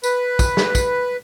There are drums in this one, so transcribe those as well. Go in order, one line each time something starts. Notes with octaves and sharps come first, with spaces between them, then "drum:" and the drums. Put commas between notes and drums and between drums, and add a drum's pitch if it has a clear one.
B4, drum: tambourine
drum: kick, tambourine
drum: snare
drum: kick, tambourine